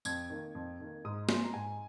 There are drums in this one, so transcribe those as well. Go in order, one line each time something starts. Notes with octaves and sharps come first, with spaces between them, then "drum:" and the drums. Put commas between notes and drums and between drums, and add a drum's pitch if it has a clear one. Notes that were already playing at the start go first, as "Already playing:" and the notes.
F2 G#6, drum: tambourine
D#3 A#3
F2
D#3 A#3
G#2 D#6
G#3 C4 C6, drum: snare
A#5
G#2 G#5